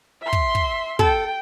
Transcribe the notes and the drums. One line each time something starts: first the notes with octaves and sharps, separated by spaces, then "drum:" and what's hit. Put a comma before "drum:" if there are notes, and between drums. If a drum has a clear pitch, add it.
E5 C6
drum: kick
drum: kick
A4 G5, drum: kick